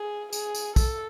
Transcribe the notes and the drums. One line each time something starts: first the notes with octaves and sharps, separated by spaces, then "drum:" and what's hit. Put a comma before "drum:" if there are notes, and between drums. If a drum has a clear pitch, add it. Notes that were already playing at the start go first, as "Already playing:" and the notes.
Already playing: G#4
G#4, drum: tambourine
drum: tambourine
A4, drum: kick, tambourine